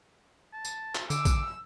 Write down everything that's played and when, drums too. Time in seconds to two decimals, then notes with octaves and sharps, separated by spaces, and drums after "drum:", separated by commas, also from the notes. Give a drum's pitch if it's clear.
0.53 A5
0.65 drum: tambourine
0.95 drum: clap
1.10 D3 D6 E6, drum: tambourine
1.25 drum: kick A#1, tambourine